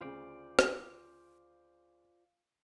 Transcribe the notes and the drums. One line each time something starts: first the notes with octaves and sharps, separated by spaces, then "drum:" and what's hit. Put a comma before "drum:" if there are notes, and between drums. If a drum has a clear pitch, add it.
D2 C#3 F4 C5 D5
drum: rim click